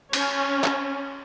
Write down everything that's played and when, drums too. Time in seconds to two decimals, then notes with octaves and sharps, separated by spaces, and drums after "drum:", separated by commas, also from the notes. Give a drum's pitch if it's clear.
0.13 C#4, drum: cymbal
0.64 drum: clap